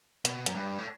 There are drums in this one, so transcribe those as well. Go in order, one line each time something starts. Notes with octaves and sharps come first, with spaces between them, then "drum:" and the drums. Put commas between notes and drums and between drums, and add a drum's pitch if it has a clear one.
B2, drum: hi-hat
F#2, drum: hi-hat
G2
A2